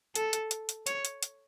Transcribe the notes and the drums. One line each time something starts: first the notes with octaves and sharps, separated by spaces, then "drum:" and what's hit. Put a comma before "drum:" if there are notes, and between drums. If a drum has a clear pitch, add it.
A4, drum: hi-hat
drum: hi-hat
drum: hi-hat
drum: hi-hat
C#5, drum: hi-hat
drum: hi-hat
drum: hi-hat